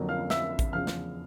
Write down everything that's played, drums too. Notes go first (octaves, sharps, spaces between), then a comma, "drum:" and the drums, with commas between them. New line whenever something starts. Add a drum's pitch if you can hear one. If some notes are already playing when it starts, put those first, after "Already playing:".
Already playing: F2 D3 F#3 A#3
F5 F6
E5 E6, drum: snare
drum: kick A1, hi-hat
E2 C#3 F3 F5 F6
drum: snare